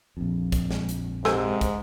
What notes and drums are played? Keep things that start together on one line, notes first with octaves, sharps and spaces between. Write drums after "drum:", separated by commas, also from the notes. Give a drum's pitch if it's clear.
A#1 F2
drum: kick, hi-hat
drum: snare
drum: hi-hat
G#2 C3 A4 C5 G#5, drum: snare
drum: kick, hi-hat